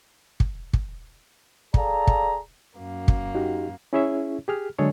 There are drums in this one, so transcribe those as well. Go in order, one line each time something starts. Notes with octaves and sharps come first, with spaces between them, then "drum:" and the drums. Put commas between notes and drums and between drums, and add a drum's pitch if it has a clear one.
drum: kick
drum: kick
G#4 A4 D5 F5 A5 A#5, drum: kick
drum: kick
F#2 A#3
drum: kick
D#4 F#4 G4
C#4 E4 G#4 C#5 E5
G4 G#4 F6
D3 F#3 G#3 G#4 A4 C#5